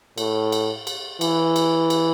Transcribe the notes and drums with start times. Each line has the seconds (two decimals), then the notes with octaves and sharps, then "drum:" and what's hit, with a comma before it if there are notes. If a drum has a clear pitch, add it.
0.18 A2, drum: cymbal
0.52 drum: cymbal
0.87 drum: cymbal
1.21 E3, drum: cymbal
1.56 drum: cymbal
1.90 drum: cymbal